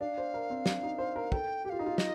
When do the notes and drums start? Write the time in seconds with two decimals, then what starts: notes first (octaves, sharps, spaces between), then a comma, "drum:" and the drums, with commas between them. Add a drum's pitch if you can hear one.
0.01 D4 F5
0.18 C5
0.34 A#4
0.50 C4
0.66 D4, drum: snare
0.83 D#4
0.98 C5
1.16 A#4
1.32 A4 G5, drum: kick
1.65 G4 G5
1.70 F4 F5
1.79 D#4
1.86 F4
1.98 D#5, drum: snare